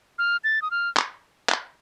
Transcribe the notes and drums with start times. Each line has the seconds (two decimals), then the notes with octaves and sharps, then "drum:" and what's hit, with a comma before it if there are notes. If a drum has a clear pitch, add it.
0.19 F6
0.44 A6
0.62 D#6
0.71 F6
0.97 drum: clap
1.49 drum: clap